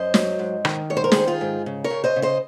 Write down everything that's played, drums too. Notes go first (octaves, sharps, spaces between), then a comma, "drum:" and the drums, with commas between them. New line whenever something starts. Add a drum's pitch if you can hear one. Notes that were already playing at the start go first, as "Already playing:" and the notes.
Already playing: F#2 C5 D#5
F#3, drum: snare
G#2
D#3, drum: rim click
G#2 C#5
C5
A#4
D#3 G#4 C5, drum: snare
F4 G#4
G#2
C#3
A#4 C#5
C#3
C5 D#5
C#3
C5 D#5